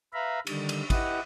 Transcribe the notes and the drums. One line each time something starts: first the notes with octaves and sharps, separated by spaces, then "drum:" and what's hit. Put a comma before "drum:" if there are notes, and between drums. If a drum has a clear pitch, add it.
B4 E5 F5 A#5 B5
D3 D#3 G3, drum: cymbal
drum: cymbal
E4 G4 B4 D#5 F#5, drum: kick G#1, cymbal